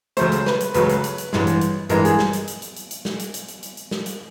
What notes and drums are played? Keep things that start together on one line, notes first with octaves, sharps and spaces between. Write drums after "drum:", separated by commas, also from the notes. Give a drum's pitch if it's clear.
C#2 C#3 F#3 A3 C5, drum: hi-hat
drum: hi-hat
B4, drum: snare
drum: hi-hat
C#2 C#3 F#3 A3 B4, drum: hi-hat
drum: hi-hat
drum: hi-hat
drum: hi-hat
A1 G2 E3 G#3, drum: snare
drum: hi-hat
drum: hi-hat
A1 G2 E3 G#3 A#4, drum: hi-hat
G#4, drum: hi-hat
drum: snare
drum: hi-hat
drum: hi-hat
drum: hi-hat
drum: hi-hat
drum: hi-hat
drum: snare
drum: hi-hat
drum: hi-hat
drum: hi-hat
drum: hi-hat
drum: hi-hat
drum: snare
drum: hi-hat